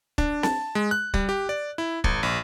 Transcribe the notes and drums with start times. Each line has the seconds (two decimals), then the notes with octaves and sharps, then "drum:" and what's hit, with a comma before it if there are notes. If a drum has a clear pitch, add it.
0.18 D4, drum: kick
0.43 A5, drum: snare C4
0.75 G#3
0.91 F#6
1.14 G3, drum: kick
1.29 G4
1.49 D5
1.78 E4
2.04 G#1, drum: kick
2.23 A#1